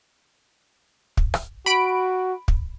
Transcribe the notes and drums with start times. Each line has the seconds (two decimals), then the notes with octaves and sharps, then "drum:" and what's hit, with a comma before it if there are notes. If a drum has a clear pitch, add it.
1.17 drum: kick
1.34 drum: rim click
1.66 F#4 B5 D7
2.48 drum: kick